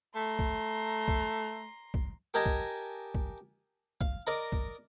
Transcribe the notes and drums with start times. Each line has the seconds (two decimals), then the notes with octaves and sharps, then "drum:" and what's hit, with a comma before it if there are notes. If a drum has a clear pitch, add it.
0.16 A3 A#5 C6
0.39 drum: kick
1.08 drum: kick
1.94 drum: kick
2.34 G4 A#4 D#5 G#5 A5
2.46 drum: kick
3.15 drum: kick
4.01 F5, drum: kick
4.27 A#4 D5 D#5 A#5
4.52 drum: kick